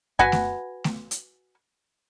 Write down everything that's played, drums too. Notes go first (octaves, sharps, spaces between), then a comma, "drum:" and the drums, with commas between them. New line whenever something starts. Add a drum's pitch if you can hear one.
F#4 B4 F#5 G#5, drum: kick F#2
drum: snare A3
drum: snare A3
drum: hi-hat